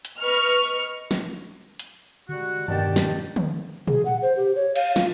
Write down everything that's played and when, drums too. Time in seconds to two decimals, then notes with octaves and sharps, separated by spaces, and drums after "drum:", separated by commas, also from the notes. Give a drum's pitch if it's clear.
0.05 drum: hi-hat
0.19 B4 D#5 C#6 F6
1.11 drum: snare
1.79 drum: hi-hat
2.29 D3 G3 G#3 F#4
2.68 E2 G2 B2 D#3 D4 G4 D5 A5
2.96 drum: snare
3.36 drum: tom
3.87 G#4, drum: tom A#2
4.05 F#5
4.22 C5
4.37 G4
4.55 C#5
4.75 F5, drum: cymbal
4.96 F4, drum: snare